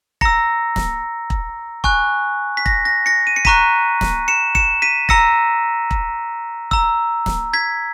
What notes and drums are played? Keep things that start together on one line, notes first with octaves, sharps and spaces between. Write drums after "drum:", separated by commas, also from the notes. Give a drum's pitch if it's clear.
A#5 E6 A#6 C#7, drum: kick E1
drum: snare
drum: kick E1
G#5 C#6 F#6, drum: kick E1
B6
A#6, drum: kick E1
A#6
A#6 C#7
D#7
C#7
A#5 C#6 F#6 B6 D#7, drum: kick E1
drum: snare
C#7 E7
C#7 E7, drum: kick E1
B6 D#7
A#5 E6 A#6 C#7, drum: kick E1
drum: kick E1
A#5 E6, drum: kick E1
drum: snare
G#6 B6